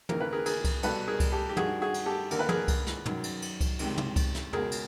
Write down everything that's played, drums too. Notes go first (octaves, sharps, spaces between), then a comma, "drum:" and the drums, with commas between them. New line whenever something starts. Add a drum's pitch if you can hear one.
D#2 C#3 E3 A#4, drum: tom
B4
G#4 A#4
G#4 A#4, drum: cymbal
drum: kick C2, cymbal
C2 B2 A4 B4, drum: cymbal
G#4 A#4
drum: kick C2, cymbal
G4 A4
G4
G2 D#3 F#4 G#4, drum: tom
F#4 G#4
drum: cymbal
G4 A4
D#2 D3 A#4, drum: cymbal
B4
G#4 A#4, drum: tom
drum: kick C2, cymbal
drum: snare
F#2 D#3, drum: tom
drum: cymbal
drum: cymbal
drum: kick C2, cymbal
C#2 C3 D#3, drum: cymbal
drum: tom
drum: kick C2, cymbal
drum: snare
C#2 B2 G#4 A#4, drum: tom
drum: cymbal